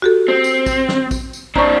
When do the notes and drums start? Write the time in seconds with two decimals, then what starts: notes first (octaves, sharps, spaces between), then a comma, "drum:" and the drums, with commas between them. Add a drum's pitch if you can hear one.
0.02 F#4 G4 A4
0.28 C4
0.44 drum: tambourine
0.66 drum: kick, tambourine
0.89 drum: snare
1.11 drum: kick, tambourine
1.33 drum: tambourine
1.56 C4 D4 A#5 C#6, drum: kick